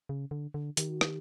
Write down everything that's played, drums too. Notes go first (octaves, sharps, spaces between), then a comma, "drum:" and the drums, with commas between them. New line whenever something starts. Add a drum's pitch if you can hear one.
C#3
D3
D3
D#3 G4, drum: hi-hat
F#4
G4, drum: rim click